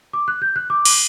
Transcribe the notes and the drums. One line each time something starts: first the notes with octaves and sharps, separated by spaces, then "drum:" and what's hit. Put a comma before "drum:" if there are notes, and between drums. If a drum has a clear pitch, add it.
D6
F#6
G6
F#6
D6
drum: cymbal